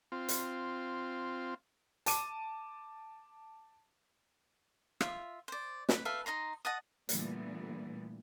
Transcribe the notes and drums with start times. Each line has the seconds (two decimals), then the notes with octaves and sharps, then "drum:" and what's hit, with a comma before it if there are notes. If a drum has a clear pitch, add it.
0.12 C4 F4
0.28 drum: hi-hat
2.06 A5 D6 D#7, drum: hi-hat
5.01 F4 E5, drum: rim click
5.48 C5 D5
5.89 B4, drum: snare
6.05 A4 B4 E5 F5
6.26 D#4 D#5 A#5 C6
6.65 D#5 F#5 A5 D#6
7.09 A#2 D3 E3 G3 A3 B3, drum: hi-hat